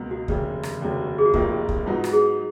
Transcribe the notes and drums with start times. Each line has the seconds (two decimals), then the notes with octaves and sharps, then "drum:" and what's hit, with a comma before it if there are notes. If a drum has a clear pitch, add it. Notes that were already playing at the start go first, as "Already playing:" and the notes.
Already playing: C#2 B2 A#3
0.11 F#4
0.28 F1 D#2 C#3, drum: kick
0.63 drum: rim click
0.81 F1 D#2 C#3 F#3
1.18 G#4
1.26 F#4
1.34 F1 D#2 D#3 A#3 D#4 F4, drum: kick
1.69 drum: kick
1.86 G#2 F#3 B3 D#4 F4
2.04 drum: rim click
2.13 G#4